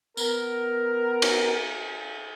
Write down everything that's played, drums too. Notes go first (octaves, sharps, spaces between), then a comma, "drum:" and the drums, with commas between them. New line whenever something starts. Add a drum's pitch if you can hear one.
B3 A#4, drum: tambourine
drum: cymbal